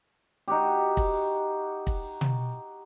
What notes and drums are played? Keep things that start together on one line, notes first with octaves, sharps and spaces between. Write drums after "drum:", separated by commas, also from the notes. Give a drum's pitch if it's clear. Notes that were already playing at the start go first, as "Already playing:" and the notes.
D#4 F#4 G4
drum: kick
drum: kick
drum: tom